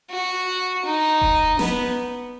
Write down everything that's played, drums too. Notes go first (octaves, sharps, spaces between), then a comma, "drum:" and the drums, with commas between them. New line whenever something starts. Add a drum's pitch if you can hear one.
F#4
D#4
drum: kick E1
B3, drum: snare